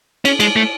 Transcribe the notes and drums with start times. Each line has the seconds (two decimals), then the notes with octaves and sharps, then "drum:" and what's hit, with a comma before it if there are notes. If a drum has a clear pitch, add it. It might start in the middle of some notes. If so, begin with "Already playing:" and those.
0.25 C#4, drum: cymbal
0.40 G#3, drum: cymbal
0.56 A3